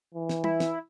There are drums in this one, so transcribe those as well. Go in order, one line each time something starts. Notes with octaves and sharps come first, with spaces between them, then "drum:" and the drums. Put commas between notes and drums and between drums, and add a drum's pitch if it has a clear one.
E3
drum: snare
E4, drum: tom
drum: snare